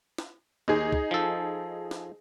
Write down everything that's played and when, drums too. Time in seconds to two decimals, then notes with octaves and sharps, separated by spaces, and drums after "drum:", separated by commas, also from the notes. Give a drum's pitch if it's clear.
0.18 drum: snare
0.68 D#2 D#4 G#4
0.93 drum: kick C2
1.11 F3 A4
1.91 drum: snare